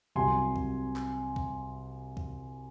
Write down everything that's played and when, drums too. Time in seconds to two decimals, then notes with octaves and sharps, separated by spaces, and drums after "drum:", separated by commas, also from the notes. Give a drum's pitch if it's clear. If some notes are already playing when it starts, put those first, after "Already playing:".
0.15 C2 C3 F#3 G#5 C6
0.56 drum: kick
0.96 drum: clap
1.36 drum: kick
2.17 drum: kick